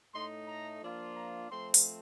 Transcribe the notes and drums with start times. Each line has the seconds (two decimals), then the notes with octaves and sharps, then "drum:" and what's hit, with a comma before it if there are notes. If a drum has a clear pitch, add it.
0.13 A2 A3 D#4 C6
0.47 A#5
0.81 F3 A#3 D4 F4
1.16 A#5
1.49 F3 A3 C4 C6
1.74 drum: open hi-hat